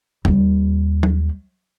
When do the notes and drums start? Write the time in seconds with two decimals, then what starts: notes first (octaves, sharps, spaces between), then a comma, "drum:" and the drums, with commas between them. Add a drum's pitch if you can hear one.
0.25 D#2 G3, drum: tom E2
1.03 drum: tom